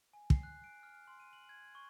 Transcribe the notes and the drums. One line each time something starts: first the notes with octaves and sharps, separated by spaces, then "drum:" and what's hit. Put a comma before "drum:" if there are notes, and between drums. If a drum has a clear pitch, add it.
G#5
C7, drum: kick
F#6
D7
F6
C6
D#7
F#7
G#6
C#6